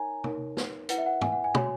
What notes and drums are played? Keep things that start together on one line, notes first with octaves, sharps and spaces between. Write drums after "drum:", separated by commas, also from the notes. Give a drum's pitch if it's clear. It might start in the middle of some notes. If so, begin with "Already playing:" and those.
Already playing: D#4 A#4 C#5 G#5 A#5
D#4 A#4 C#5, drum: tom
drum: snare
E4 B4 F#5, drum: hi-hat
E5
F#5
G#5, drum: tom
F#5
G#5
F#4 C#5, drum: tom